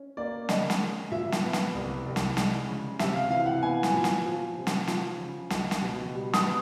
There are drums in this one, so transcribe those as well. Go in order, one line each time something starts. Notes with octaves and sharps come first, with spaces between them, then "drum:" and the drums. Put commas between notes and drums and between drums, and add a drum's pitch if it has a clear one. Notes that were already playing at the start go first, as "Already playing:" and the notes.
Already playing: C#4
A#3 D5
C#3 D#5, drum: snare
drum: snare
G#3
A#2 E5
drum: snare
B3
drum: snare
C2
C2
drum: snare
G#3, drum: snare
C#3
C3 E5, drum: snare
F5
E3 F5
F#5
B3 G#5
drum: snare
A#2
drum: snare
F3
C3
drum: snare
F3, drum: snare
C#3
C#2, drum: snare
drum: snare
B2
G3
D#6, drum: snare
B3